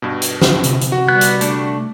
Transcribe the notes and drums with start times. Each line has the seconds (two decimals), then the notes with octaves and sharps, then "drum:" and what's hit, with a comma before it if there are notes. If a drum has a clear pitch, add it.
0.02 G2 B2
0.22 drum: hi-hat
0.42 drum: snare
0.64 C3, drum: hi-hat
0.81 drum: hi-hat
0.92 F#4
1.08 G3 B3 F#6
1.21 drum: hi-hat
1.41 A3 D4, drum: hi-hat